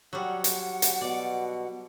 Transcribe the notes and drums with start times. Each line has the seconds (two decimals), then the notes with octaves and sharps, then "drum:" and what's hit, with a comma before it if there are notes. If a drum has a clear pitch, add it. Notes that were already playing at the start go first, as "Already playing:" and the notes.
0.13 F#3 G3 F#5
0.44 drum: hi-hat
0.82 drum: hi-hat
1.01 B2 D5